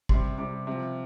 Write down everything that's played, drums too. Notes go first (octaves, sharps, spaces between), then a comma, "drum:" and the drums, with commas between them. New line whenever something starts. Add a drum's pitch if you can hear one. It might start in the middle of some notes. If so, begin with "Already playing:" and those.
C3 G3 C6, drum: kick
C3 G3 D6
C3 F3